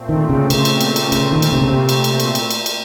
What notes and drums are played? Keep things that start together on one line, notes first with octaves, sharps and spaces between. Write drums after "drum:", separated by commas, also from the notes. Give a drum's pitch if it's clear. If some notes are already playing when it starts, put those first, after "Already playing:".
Already playing: A#2 A3 C4
D#3
C#3
C#3, drum: cymbal
drum: cymbal
drum: cymbal
drum: cymbal
C#3, drum: cymbal
D#3
drum: cymbal
C3
C#3
C3
drum: cymbal
drum: cymbal
drum: cymbal
drum: cymbal
drum: cymbal
drum: cymbal